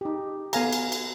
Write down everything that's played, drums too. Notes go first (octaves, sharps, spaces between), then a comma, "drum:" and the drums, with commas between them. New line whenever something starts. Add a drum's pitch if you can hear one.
D#4 G4
B3 A4 F5 G#5 A#5, drum: cymbal
drum: cymbal
drum: cymbal